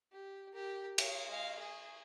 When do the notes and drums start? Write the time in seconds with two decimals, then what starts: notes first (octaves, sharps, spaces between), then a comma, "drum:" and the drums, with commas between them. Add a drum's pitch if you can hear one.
0.12 G4
0.53 G4 A#4
0.98 C#5 F5, drum: cymbal
1.29 G#3 F5
1.59 G#4